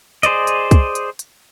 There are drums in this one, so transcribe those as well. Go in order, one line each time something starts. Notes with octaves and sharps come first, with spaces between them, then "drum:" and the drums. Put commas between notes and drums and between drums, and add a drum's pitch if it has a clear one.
G#4 C5 D5 D#5, drum: hi-hat
drum: hi-hat
drum: kick, hi-hat
drum: hi-hat
drum: hi-hat